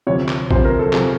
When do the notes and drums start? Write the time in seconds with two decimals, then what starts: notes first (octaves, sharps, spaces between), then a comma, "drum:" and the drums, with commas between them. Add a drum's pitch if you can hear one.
0.07 D2 C3 F3 C#5
0.29 drum: clap
0.51 D2 C3 F3 C5, drum: kick
0.65 A#4
0.79 A4
0.93 C3 F3 G#4, drum: clap